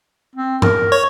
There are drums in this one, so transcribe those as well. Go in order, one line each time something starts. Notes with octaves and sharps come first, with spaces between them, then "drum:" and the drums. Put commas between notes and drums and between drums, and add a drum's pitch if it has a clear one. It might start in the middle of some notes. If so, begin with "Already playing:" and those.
C4
A#4, drum: tom G2
C#5